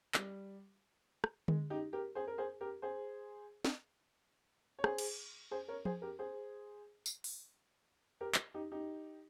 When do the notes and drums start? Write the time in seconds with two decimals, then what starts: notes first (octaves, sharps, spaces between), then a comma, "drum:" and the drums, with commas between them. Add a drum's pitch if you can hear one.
0.14 G3, drum: clap
1.24 drum: rim click
1.48 G#3, drum: tom D3
1.70 D#4 G4
1.93 G4 A#4
2.15 G#4 C5
2.27 A#4
2.38 G#4 C5
2.61 G4 A#4
2.82 G#4 C5
3.65 drum: snare
4.79 C#5
4.84 G#4 C5, drum: rim click
4.98 drum: cymbal
5.51 G#4 C5
5.68 A#4 C#5
5.85 G#4 C5, drum: tom F3
6.02 G4 A#4
6.19 G#4 C5
7.06 drum: tambourine
7.24 drum: open hi-hat
8.21 G4 A#4
8.34 drum: clap
8.54 D#4 G4
8.72 D#4 G4